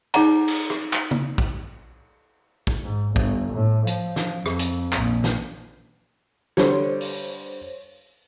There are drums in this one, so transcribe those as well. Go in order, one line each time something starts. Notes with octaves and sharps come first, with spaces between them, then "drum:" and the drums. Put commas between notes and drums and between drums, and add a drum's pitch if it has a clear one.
D#4 G#4 D5 F#5 A#5, drum: cymbal
drum: cymbal
drum: rim click
drum: clap
drum: tom
drum: kick
drum: kick
G#2
G1, drum: kick
A2
F3, drum: hi-hat
drum: snare
F2, drum: rim click
drum: hi-hat
A#1, drum: clap
drum: snare
D3 G3 C5 C#5, drum: snare
drum: open hi-hat